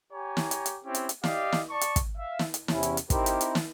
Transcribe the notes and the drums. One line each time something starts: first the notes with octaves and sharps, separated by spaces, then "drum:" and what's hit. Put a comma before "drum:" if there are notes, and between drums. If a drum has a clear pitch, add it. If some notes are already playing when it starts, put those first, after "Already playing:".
G4 C#5 G#5 A#5
drum: snare
drum: hi-hat
drum: hi-hat
C4 C#4 E4 G4
drum: hi-hat
drum: hi-hat
G4 D5 D#5 F5, drum: snare
drum: snare
D5 A5 C#6
drum: hi-hat
drum: kick, hi-hat
E5 F5
drum: snare
drum: hi-hat
E2 C3 C#4 E4, drum: snare
drum: hi-hat
drum: hi-hat
C4 D#4 E4 G4 A#4 C5, drum: kick, hi-hat
drum: hi-hat
drum: hi-hat
drum: snare